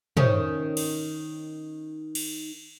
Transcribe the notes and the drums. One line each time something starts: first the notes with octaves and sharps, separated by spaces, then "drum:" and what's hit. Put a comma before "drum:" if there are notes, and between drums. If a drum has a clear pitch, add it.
D#3 C#4, drum: tom
drum: cymbal
drum: cymbal